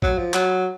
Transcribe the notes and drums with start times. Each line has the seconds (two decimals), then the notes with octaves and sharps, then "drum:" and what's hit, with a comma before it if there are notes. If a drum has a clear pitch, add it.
0.02 F#3, drum: kick A#1
0.18 F3
0.34 F#3, drum: clap